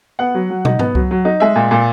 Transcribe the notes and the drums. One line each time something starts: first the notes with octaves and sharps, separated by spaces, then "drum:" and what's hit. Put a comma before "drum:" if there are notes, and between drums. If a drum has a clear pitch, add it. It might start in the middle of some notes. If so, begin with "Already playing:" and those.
B3 F#5
F#3
F#3
D#4, drum: tom
B3, drum: tom G#2
F#3, drum: kick C2
F#3
D#4
G#3 E5
A#2
A#2